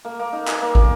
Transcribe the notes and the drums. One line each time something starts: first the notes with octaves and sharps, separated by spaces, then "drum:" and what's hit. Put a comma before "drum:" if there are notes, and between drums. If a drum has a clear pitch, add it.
A#3
A#3
D#4
G#4, drum: clap
A#3
A#3, drum: kick